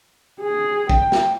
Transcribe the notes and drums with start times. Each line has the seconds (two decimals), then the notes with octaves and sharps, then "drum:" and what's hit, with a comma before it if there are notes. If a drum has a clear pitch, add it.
0.40 G#4
0.89 G5, drum: kick
1.12 drum: snare